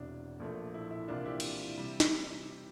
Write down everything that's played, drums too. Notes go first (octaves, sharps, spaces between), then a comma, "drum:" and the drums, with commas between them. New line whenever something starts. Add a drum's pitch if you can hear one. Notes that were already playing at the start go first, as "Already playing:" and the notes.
Already playing: E1 E2 C3 D4
A#1 A#2 F3 A3
E4
E4
C2 C3 E3 A#3 D4 F4
E4 G4
drum: cymbal
C3 G3
drum: snare